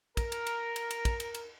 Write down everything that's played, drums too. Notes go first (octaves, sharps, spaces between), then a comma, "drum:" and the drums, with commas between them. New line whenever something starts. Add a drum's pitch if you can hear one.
A#4, drum: kick, cymbal
drum: cymbal
drum: cymbal
drum: cymbal
drum: cymbal
drum: kick, cymbal
drum: cymbal
drum: cymbal